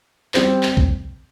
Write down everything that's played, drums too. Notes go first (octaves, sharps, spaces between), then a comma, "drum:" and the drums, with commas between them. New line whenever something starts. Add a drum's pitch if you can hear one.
G3 C4 G4 C5, drum: clap
drum: clap
drum: kick